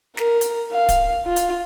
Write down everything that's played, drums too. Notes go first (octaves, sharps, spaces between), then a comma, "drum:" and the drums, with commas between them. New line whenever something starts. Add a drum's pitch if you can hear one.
A#4, drum: snare
drum: hi-hat
F5
drum: kick D1, hi-hat
F4
drum: hi-hat